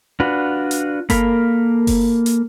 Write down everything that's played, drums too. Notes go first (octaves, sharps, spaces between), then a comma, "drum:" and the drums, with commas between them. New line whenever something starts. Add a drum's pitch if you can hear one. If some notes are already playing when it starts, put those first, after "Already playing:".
D4 F4 F#4 B4
drum: hi-hat
A#3 A4 A#4 F5 B5, drum: kick F#1, hi-hat
drum: kick F#1, open hi-hat
drum: hi-hat